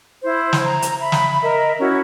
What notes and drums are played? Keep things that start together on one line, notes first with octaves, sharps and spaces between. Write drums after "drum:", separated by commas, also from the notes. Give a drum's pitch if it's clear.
E4 C5
drum: snare
A#5
drum: hi-hat
E5 B5
drum: snare
A#4 D#5 E5
C#4 E4 F#4